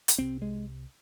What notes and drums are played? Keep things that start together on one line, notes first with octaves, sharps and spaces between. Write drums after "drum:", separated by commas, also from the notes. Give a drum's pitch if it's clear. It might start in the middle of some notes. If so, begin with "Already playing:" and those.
drum: hi-hat
C2 C3 C4
G#3